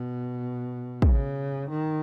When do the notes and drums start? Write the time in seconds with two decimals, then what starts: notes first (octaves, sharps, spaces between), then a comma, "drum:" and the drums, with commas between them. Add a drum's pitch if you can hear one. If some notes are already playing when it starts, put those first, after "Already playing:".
Already playing: B2
1.02 C#3, drum: kick
1.69 D#3